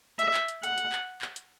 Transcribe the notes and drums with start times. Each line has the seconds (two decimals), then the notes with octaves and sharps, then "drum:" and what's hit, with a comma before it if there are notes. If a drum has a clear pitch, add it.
0.19 E5, drum: hi-hat
0.34 drum: clap
0.48 drum: hi-hat
0.63 F#5, drum: hi-hat
0.78 drum: hi-hat
0.92 drum: clap
1.22 drum: clap
1.36 drum: hi-hat